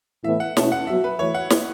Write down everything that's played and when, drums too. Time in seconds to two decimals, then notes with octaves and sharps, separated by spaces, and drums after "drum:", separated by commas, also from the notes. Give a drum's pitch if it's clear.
0.24 A2 E3 B3 E4 E5
0.40 F#5
0.57 B2 A3 C#4 E4 A5, drum: snare
0.72 F#5
0.87 F#3 B3 F#4 E5
1.04 B4
1.19 E3 A3 E4 C#5
1.34 F#5
1.50 drum: snare